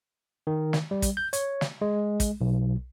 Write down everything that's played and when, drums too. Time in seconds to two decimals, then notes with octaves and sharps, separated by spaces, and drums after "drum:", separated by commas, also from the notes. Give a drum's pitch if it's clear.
0.47 D#3
0.73 drum: snare
0.91 G3
1.02 drum: kick, hi-hat
1.17 G6
1.33 C#5, drum: hi-hat
1.61 drum: snare
1.81 G#3
2.20 drum: kick, hi-hat
2.41 B1